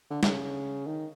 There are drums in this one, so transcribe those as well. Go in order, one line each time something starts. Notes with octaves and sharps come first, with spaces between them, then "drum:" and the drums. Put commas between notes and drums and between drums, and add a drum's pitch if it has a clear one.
D3
D3, drum: snare
C#3
D#3